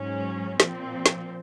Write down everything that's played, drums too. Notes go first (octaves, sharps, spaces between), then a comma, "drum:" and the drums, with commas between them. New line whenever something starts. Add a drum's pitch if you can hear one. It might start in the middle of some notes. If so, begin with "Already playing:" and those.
Already playing: G#2 F#3 C#4
A#2 F3 C4, drum: snare
drum: snare